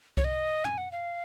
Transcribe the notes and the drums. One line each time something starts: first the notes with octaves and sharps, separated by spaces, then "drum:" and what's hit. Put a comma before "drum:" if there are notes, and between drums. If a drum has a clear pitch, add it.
C#5, drum: kick C2
D#5
G#5, drum: tom
F#5
F5